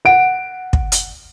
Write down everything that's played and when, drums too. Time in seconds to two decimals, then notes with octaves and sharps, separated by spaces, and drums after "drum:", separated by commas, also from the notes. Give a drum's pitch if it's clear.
0.05 F#5 D7
0.73 drum: kick
0.92 drum: hi-hat